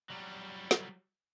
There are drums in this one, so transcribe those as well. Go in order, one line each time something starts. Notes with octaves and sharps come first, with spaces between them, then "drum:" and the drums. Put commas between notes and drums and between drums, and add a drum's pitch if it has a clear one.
F#3 G3
drum: snare